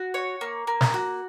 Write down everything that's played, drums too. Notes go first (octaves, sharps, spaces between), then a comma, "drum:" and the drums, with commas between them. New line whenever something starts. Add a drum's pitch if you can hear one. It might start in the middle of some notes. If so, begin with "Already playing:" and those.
Already playing: F#4
C#5
A#3
A#3
drum: snare
F#4